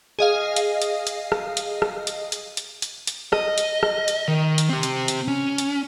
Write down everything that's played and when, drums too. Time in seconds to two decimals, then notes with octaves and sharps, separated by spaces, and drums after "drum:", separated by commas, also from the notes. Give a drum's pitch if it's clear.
0.19 G#4 D#5 F5
0.56 drum: hi-hat
0.82 drum: hi-hat
1.07 drum: hi-hat
1.32 drum: rim click
1.57 drum: hi-hat
1.82 drum: rim click
2.07 drum: hi-hat
2.32 drum: hi-hat
2.57 drum: hi-hat
2.82 drum: hi-hat
3.07 drum: hi-hat
3.33 D#5, drum: rim click
3.58 drum: hi-hat
3.83 drum: rim click
4.08 drum: hi-hat
4.28 D#3
4.58 drum: hi-hat
4.69 C4 G4
4.83 drum: hi-hat
5.08 drum: hi-hat
5.28 C#4
5.58 drum: hi-hat